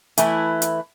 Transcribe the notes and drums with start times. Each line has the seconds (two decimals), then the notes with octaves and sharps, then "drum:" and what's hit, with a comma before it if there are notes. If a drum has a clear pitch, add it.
0.18 E3 A3 E4, drum: hi-hat
0.62 drum: hi-hat